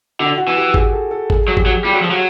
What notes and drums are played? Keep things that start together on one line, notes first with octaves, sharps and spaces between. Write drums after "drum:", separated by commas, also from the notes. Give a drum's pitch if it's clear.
D3 F#4
F#4
E3
G4
G#4, drum: kick G#1
A4
A4
G#4, drum: kick G#1
F#3
G4, drum: kick G#1
F#3
G3 F4
F#3
F3
F#3